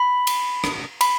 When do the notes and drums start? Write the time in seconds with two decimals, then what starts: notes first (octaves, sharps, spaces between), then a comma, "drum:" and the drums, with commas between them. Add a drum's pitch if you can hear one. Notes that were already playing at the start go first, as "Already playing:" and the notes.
Already playing: B5
0.27 drum: cymbal
0.64 drum: rim click
1.01 B5, drum: cymbal